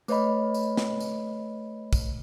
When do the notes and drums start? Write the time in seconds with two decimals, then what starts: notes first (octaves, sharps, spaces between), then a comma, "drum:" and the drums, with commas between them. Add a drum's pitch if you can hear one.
0.08 A3 B4 C#5 D#5 B5, drum: tambourine
0.54 drum: tambourine
0.77 drum: snare
1.00 drum: tambourine
1.93 drum: kick, tambourine